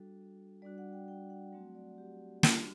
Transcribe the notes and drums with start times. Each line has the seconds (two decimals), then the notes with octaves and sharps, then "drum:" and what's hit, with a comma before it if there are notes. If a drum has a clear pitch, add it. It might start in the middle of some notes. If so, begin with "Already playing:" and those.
Already playing: G3 D4 F#4 A4
0.62 G3 D4 F#4 D5
0.78 F#5
0.93 G5
1.08 G5
1.30 F#5
1.52 F#3 A3 C4 F#4 F#5
1.75 D5
1.98 G4
2.43 G3 D4 F#4, drum: snare